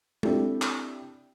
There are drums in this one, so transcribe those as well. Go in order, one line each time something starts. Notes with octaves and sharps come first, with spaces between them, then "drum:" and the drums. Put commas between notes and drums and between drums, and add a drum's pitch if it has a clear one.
C4 D4 E4 G4 A4, drum: tom G#3
drum: clap